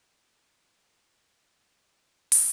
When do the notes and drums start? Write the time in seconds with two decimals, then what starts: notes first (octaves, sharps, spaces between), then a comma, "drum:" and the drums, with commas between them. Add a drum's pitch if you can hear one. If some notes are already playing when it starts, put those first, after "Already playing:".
Already playing: G#2 E3 B3 E4 E5
0.14 G#4 C#5
0.50 G#2 E3 B3 E4 G#4 C#5
1.20 F#2 C#3 G#3 C#4
2.32 drum: open hi-hat